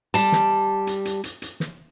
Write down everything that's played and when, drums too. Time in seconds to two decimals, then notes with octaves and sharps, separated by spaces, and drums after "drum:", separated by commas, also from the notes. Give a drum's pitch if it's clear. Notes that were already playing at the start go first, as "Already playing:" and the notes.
0.14 G3 A5, drum: hi-hat
0.32 drum: snare
0.87 drum: hi-hat
1.05 drum: hi-hat
1.24 drum: hi-hat
1.42 drum: hi-hat
1.60 drum: snare